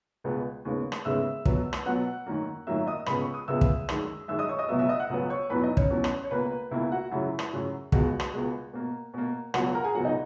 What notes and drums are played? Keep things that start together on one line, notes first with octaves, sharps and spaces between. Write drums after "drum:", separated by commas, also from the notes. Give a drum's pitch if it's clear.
C#2 B2 G#3 B3
D#2 C#3 G#3 B3
drum: rim click
D#2 C#3 G#3 B3 E5 E6
B2 F#3 B3, drum: kick
drum: rim click
B2 F#3 B3 F#5 F#6
F#2 D#3 F#3 A#3
F#2 D#3 F#3 A#3 E5 E6
D#5 D#6
C#2 C#3 G#3 B3 B5, drum: rim click
C#6
D#6
C#2 C#3 G#3 B3 E5 E6
drum: kick
F#2 D#3 G#3, drum: rim click
F#2 D#3 G#3 E5 E6
D#5 D#6
C#5 C#6
D#5 D#6
C#2 B2 F#3 B3 E5 E6
E5 E6
D#5 D#6
F#5 F#6
C#2 B2 F#3 B3
C#5 C#6
E2 B2 F#3 B4 B5
D#4 D#5
C#4 C#5, drum: kick
E2 B2 F#3
drum: rim click
C#5
C#2 B2 A#3 B4
C#2 B2 A#3 E4 E5
F#4 F#5
F#2 C#3 F#3 E4 E5
drum: rim click
F#2 C#3 F#3
C#2 B2 G#3 F#4 F#5, drum: kick
drum: rim click
C#2 B2 G#3
B2 A#3
B2 A#3
C#2 B2 F#3 F#4 F#5, drum: rim click
A#4 A#5
F#5
G#4 G#5
C#2 B2 F#3 F#4 F#5
D#4 D#5